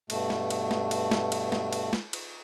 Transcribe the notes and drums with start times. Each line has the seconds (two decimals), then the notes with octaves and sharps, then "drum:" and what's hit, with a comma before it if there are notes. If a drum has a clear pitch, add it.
0.10 G2 B2 A3, drum: cymbal
0.30 drum: snare
0.50 drum: cymbal
0.71 drum: snare
0.91 drum: cymbal
1.11 drum: snare
1.32 drum: cymbal
1.52 drum: snare
1.73 drum: cymbal
1.93 drum: snare
2.13 drum: cymbal